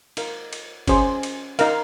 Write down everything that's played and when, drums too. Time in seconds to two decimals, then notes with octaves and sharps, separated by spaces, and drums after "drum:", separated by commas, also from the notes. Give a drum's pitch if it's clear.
0.17 D#4 A#4 F5, drum: cymbal
0.53 drum: cymbal
0.87 C#4 G#4 C5, drum: kick G1, cymbal
1.23 drum: cymbal
1.59 D#4 A#4 F5, drum: cymbal